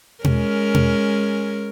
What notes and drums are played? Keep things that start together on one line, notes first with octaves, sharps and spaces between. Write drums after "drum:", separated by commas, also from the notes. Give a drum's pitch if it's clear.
G#3 C#4 A#4, drum: tom B2
drum: tom B2